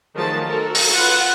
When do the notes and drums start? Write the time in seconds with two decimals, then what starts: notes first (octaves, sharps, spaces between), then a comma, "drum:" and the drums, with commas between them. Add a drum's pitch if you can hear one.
0.15 D#3 F3 F#3 A3 G#4 A5
0.47 F#4 A4 A#4
0.75 drum: open hi-hat
0.90 F4 B4 F#5